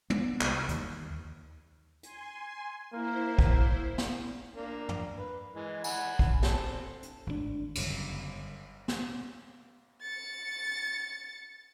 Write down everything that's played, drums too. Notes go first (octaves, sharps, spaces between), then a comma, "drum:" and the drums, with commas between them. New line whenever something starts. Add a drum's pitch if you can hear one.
B3, drum: tom
C2, drum: clap
D#2, drum: hi-hat
G#5 C6, drum: hi-hat
A#3 E4 C5
drum: kick
drum: snare
A#3 D4
drum: tom
B4
E3 G#3
F#5 G#5 B5, drum: tambourine
drum: kick
C4 A4, drum: snare
drum: hi-hat
G#1 A2 C#3 D4
G1 F#2 C#3, drum: cymbal
drum: snare
A6 C#7